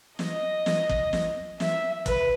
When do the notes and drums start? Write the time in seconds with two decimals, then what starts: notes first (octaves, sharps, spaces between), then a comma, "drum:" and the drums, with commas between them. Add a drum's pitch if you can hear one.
0.19 D#5, drum: snare
0.66 drum: snare
0.89 drum: kick
1.13 drum: snare
1.60 E5, drum: snare
2.06 B4, drum: kick, hi-hat